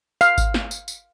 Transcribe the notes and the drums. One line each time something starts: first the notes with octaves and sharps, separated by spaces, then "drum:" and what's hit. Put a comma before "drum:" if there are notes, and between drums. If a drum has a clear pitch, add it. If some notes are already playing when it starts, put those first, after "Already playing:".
F5, drum: tambourine
drum: kick G#1, tambourine
drum: snare
drum: tambourine
drum: tambourine